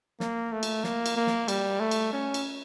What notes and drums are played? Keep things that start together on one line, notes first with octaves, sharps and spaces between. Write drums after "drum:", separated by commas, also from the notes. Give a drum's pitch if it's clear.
A#3, drum: snare
A3
drum: cymbal
A#3, drum: snare
drum: cymbal
A#3
drum: snare
G3, drum: cymbal
A3
drum: cymbal
C#4
drum: cymbal